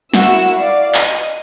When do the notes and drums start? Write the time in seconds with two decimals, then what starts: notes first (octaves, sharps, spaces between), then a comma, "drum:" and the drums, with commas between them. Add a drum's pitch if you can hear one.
0.14 E4 F#4 A#4 E6, drum: snare
0.58 D5 F5
0.94 D#5, drum: clap